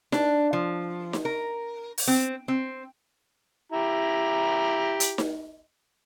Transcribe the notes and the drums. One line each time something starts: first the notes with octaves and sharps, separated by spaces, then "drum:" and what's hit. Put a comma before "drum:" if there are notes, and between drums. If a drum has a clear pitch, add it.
D4, drum: snare D#4
F3
drum: snare D#4
A#4
drum: open hi-hat
C4
C4
E4 G4 A#5
drum: hi-hat
drum: snare D#4